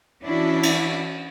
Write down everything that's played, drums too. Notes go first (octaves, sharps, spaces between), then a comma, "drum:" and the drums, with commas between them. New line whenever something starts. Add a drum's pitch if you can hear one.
E3 C#4 D4 E4 F#4
drum: cymbal